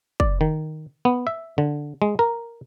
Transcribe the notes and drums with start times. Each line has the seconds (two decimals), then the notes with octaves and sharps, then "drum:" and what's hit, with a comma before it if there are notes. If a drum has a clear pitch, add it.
0.20 D5, drum: kick
0.41 D#3
1.05 B3
1.27 E5
1.58 D3
2.02 G#3
2.19 A#4